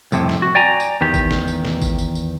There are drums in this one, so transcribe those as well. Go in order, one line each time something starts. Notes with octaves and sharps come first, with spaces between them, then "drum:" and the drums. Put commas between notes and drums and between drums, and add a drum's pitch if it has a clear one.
C2 F2 A2 C3, drum: tambourine
drum: snare
F#4
D5 G5 G#5 A#5
drum: tambourine
E2 D#3 G4
drum: kick, tambourine
drum: snare
drum: tambourine
drum: snare
drum: kick, tambourine
drum: tambourine
drum: tambourine